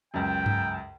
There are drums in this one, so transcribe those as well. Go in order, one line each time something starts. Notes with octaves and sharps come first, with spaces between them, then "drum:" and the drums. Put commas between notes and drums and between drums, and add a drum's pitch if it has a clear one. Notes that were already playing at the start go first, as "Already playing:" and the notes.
C#2 F#2 G5
drum: tom G2